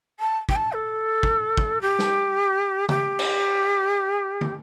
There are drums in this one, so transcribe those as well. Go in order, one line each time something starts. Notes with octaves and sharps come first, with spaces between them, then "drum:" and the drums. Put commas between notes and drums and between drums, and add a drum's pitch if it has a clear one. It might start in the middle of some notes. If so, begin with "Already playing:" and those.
A5
G5, drum: kick
A5
A4
drum: kick
drum: kick
G4
drum: snare
G4, drum: tom C#3
drum: cymbal
drum: tom